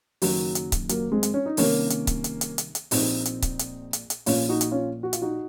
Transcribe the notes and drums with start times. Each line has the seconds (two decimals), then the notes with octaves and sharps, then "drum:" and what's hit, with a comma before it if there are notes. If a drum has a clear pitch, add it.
0.22 F#1 F#2 D#3 F#3, drum: open hi-hat
0.55 drum: hi-hat
0.72 drum: kick C#1, hi-hat
0.89 F#3 A#3, drum: hi-hat
1.12 G#3 C4
1.23 drum: hi-hat
1.34 C#4
1.46 D#4
1.57 C2 C3 D#3 A#3 C#4, drum: open hi-hat
1.90 drum: hi-hat
2.07 drum: kick C#1, hi-hat
2.24 drum: hi-hat
2.41 drum: hi-hat
2.58 drum: hi-hat
2.75 drum: hi-hat
2.91 A#1 A#2 C4 D#4, drum: open hi-hat
3.26 drum: hi-hat
3.42 drum: kick C#1, hi-hat
3.59 drum: hi-hat
3.93 drum: hi-hat
4.10 drum: hi-hat
4.26 A#1 A#2 C#4 F4, drum: open hi-hat
4.49 D#4 F#4
4.61 drum: hi-hat
4.71 C#4 F4
5.03 F#4
5.13 F4, drum: hi-hat
5.22 D#4 F#4